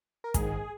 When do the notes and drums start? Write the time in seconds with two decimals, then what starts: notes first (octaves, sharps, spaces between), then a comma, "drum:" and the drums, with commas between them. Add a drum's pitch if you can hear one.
0.24 A#4
0.34 A#1 G#2 D#3 G#4, drum: kick, hi-hat